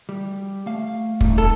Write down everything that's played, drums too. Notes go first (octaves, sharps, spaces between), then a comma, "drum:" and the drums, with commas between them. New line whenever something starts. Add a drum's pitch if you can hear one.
G3
A3 F5
G3 A3 D#4, drum: kick
A4